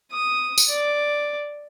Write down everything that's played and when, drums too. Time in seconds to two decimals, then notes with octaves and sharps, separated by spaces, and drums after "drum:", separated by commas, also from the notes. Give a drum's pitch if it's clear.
0.12 D#6
0.58 drum: tambourine
0.69 D5